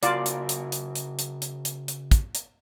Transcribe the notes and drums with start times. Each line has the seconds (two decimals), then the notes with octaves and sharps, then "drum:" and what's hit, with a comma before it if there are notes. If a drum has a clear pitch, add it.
0.03 C#3 F4 F#4 A#4 D5, drum: hi-hat
0.26 drum: hi-hat
0.49 drum: hi-hat
0.72 drum: hi-hat
0.95 drum: hi-hat
1.19 drum: hi-hat
1.42 drum: hi-hat
1.65 drum: hi-hat
1.88 drum: hi-hat
2.11 drum: kick, hi-hat
2.35 drum: hi-hat